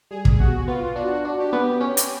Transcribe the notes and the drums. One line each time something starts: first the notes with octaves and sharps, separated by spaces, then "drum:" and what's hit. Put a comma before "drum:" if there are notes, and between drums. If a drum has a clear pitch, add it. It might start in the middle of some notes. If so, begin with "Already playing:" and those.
G3 G#4
drum: kick
B2 F#4
B3 F4
D4 F#4
D4
G4
B3
C#4
drum: hi-hat